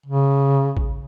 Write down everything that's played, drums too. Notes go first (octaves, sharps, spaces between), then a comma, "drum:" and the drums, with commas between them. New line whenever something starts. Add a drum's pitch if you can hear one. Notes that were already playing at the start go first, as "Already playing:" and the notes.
C#3
drum: kick A1